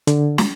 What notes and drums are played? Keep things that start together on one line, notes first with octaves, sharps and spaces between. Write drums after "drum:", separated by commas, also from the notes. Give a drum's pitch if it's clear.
D3, drum: hi-hat
drum: snare